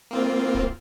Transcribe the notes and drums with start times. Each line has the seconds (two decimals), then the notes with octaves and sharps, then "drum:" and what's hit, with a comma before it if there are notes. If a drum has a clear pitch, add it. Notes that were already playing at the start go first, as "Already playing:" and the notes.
0.11 A#3 C4 F4
0.54 drum: kick